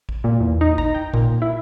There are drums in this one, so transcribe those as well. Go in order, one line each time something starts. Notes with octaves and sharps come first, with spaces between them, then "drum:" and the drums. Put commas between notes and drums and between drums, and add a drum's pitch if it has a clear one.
drum: kick
A#2
E2
D#4
A#5, drum: kick
G5
A#2, drum: kick
E4